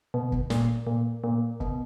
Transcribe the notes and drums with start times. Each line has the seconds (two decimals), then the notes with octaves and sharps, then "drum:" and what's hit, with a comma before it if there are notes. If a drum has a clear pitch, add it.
0.14 B2
0.32 drum: kick
0.50 A#2, drum: snare
0.87 A#2
1.24 A#2
1.60 B2, drum: kick